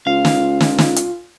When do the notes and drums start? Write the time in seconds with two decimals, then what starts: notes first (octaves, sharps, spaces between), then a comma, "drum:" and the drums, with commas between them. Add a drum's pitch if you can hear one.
0.07 C#2 F4 F5
0.25 drum: snare
0.61 drum: snare
0.78 drum: snare
0.96 drum: hi-hat